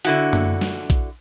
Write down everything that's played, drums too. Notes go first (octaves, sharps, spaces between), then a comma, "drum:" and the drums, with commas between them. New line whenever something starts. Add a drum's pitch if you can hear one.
D3 E4 F#4, drum: hi-hat
drum: tom F#2
drum: snare
drum: kick A#1, hi-hat